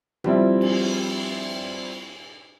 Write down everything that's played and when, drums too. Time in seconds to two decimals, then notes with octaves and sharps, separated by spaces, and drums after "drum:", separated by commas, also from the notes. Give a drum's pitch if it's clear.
0.24 F3 G3 C4 E4, drum: tom B2
0.61 drum: cymbal